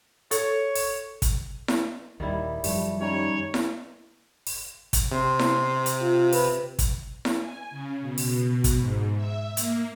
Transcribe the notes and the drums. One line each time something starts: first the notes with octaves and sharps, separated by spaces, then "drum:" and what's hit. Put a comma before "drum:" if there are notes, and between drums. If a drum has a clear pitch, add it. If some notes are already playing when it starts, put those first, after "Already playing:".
A4 C#5, drum: hi-hat
drum: open hi-hat
drum: kick, hi-hat
drum: snare E4
D#1 D#2 D#3 G3 E4
F#2 D#3 F3 G3 A3, drum: open hi-hat
G3 C#4 D#4 C#5
drum: snare E4
drum: open hi-hat
drum: kick, hi-hat
C3 C6
drum: snare E4
drum: hi-hat
F4
B4, drum: open hi-hat
drum: kick, hi-hat
drum: snare E4
G#5
C#3
B2
drum: open hi-hat
drum: kick, hi-hat
G#2
E5
A#3, drum: hi-hat